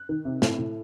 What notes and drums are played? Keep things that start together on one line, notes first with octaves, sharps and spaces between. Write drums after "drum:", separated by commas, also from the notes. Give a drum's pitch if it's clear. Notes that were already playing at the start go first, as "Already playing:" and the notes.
Already playing: F#6
D#3
C3
A2, drum: snare
A2